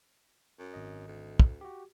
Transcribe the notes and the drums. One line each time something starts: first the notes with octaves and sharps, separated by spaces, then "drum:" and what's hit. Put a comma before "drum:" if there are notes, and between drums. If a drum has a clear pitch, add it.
F#2
G#1 D#5
D2
drum: kick
F#4 G4